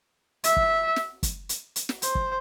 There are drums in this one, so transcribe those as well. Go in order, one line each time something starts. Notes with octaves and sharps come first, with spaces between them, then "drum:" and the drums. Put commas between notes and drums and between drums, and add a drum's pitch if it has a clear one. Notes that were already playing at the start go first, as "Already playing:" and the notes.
E5, drum: hi-hat
drum: kick
drum: snare
drum: kick, hi-hat
drum: hi-hat
drum: hi-hat
drum: snare
C5, drum: hi-hat
drum: kick